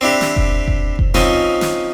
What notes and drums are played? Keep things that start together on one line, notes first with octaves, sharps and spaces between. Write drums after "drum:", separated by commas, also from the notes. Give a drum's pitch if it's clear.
C4 D4 E4 G4
drum: snare
drum: kick F1
drum: kick F1
drum: kick F1
F3 C4 C#4 D#4, drum: snare
drum: snare